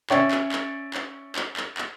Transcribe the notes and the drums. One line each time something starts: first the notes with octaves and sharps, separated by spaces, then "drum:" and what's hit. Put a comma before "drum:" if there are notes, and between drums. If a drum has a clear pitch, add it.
C#4 C#5 D5 E5 G5, drum: clap
drum: clap
drum: clap
drum: clap
drum: clap
drum: clap
drum: clap